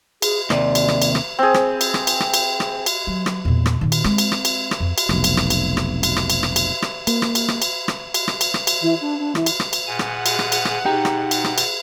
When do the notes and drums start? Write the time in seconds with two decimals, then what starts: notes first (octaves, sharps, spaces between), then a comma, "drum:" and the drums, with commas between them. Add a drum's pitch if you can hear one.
0.22 G#4, drum: cymbal
0.50 D#2 C3 D5, drum: rim click
0.75 drum: cymbal
0.88 drum: rim click
1.02 drum: cymbal
1.15 drum: rim click
1.39 C4 G#4
1.54 drum: rim click
1.81 drum: cymbal
1.94 drum: rim click
2.07 drum: cymbal
2.20 drum: rim click
2.34 drum: cymbal
2.60 drum: rim click
2.86 drum: cymbal
3.07 F#3
3.26 drum: rim click
3.45 E2 A#2
3.66 drum: rim click
3.81 A#2 D#3
3.92 drum: cymbal
4.04 G#3 C4, drum: rim click
4.18 drum: cymbal
4.32 drum: rim click
4.45 drum: cymbal
4.71 drum: rim click
4.80 F2
4.98 drum: cymbal
5.09 F1 B1, drum: rim click
5.24 drum: cymbal
5.37 drum: rim click
5.50 drum: cymbal
5.77 drum: rim click
6.03 drum: cymbal
6.16 drum: rim click
6.30 drum: cymbal
6.43 drum: rim click
6.56 drum: cymbal
6.82 drum: rim click
7.07 A#3, drum: cymbal
7.22 drum: rim click
7.35 drum: cymbal
7.48 drum: rim click
7.62 drum: cymbal
7.88 drum: rim click
8.14 drum: cymbal
8.28 drum: rim click
8.41 drum: cymbal
8.54 drum: rim click
8.67 drum: cymbal
8.81 E3
9.01 D4
9.19 D4
9.35 E3, drum: rim click
9.46 drum: cymbal
9.60 drum: rim click
9.73 drum: cymbal
9.87 A#2 G#4 F#5 G#5
9.99 drum: rim click
10.26 drum: cymbal
10.39 drum: rim click
10.52 drum: cymbal
10.65 drum: rim click
10.86 B2 D#4 G4 G5 A#5
11.05 drum: rim click
11.31 drum: cymbal
11.44 drum: rim click
11.58 drum: cymbal